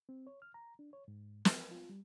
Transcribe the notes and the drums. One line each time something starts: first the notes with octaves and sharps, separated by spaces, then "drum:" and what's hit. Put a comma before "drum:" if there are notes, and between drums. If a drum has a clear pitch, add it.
C4
C#5
F6
A#5
D4
C#5
G#2
A#4, drum: snare
F4
G3